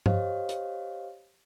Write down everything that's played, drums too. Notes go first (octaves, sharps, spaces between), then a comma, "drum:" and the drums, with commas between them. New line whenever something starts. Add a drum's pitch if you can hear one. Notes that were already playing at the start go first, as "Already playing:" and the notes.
G4 C5 C#5 D#5 F5, drum: tom G2
drum: hi-hat